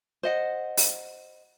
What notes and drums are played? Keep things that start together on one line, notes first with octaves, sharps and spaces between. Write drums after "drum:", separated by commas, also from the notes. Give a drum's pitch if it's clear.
C5 D#5 F#5
drum: open hi-hat